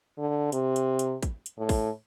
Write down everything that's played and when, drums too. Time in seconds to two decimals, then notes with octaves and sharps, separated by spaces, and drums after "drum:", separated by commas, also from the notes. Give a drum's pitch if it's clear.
0.18 D3
0.52 C3, drum: hi-hat
0.76 drum: hi-hat
0.99 drum: hi-hat
1.23 drum: kick, hi-hat
1.46 drum: hi-hat
1.58 A2
1.69 drum: kick, open hi-hat